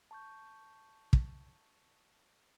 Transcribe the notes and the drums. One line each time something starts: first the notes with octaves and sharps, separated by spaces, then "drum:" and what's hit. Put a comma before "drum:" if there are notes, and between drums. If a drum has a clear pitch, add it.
A5 C#6 G6
drum: kick